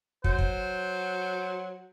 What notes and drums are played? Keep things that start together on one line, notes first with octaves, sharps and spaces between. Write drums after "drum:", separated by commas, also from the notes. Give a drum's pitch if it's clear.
F#3 C5, drum: kick
drum: kick